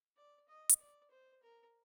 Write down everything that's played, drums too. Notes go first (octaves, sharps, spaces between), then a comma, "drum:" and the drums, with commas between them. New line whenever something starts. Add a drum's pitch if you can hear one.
D5
D#5
drum: hi-hat
D5
C5
A#4